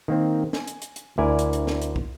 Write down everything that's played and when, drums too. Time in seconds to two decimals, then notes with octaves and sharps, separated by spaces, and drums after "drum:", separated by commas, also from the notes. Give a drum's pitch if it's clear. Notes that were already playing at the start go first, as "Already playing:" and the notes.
0.08 D#3 A#3 C4
0.53 G#5, drum: snare
0.67 drum: hi-hat
0.82 drum: hi-hat
0.96 drum: hi-hat
1.18 D2 E4 A#4 D5 G#5
1.39 drum: hi-hat
1.53 drum: hi-hat
1.67 drum: snare
1.82 drum: hi-hat
1.96 drum: kick